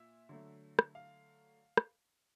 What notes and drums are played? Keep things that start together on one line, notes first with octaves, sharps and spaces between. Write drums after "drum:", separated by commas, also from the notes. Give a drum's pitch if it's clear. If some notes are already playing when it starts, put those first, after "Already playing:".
Already playing: A#2 E5
D3 F#3 A3
drum: rim click
F5
drum: rim click